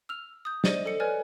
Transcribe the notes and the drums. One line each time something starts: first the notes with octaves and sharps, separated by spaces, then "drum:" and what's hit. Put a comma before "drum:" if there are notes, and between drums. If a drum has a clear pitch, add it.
E6 F6 F7
D#6 G6
C5 D5 D#5 D#7, drum: snare
A4 C#7
B4 C#5 D5 G#5 F6